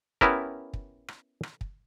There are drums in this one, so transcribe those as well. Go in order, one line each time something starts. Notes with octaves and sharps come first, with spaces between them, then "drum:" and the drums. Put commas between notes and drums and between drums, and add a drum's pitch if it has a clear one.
B3 C#4 E4 G4 A#4, drum: kick
drum: kick
drum: rim click
drum: rim click
drum: kick